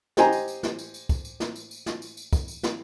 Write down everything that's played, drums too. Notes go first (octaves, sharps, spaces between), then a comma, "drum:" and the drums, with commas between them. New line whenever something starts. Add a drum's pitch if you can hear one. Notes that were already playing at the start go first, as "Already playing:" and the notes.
G4 C5 D#5 G#5 A#5, drum: snare
drum: tambourine
drum: tambourine
drum: snare
drum: tambourine
drum: tambourine
drum: kick, tambourine
drum: tambourine
drum: snare
drum: tambourine
drum: tambourine
drum: snare
drum: tambourine
drum: tambourine
drum: kick, tambourine
drum: tambourine
drum: snare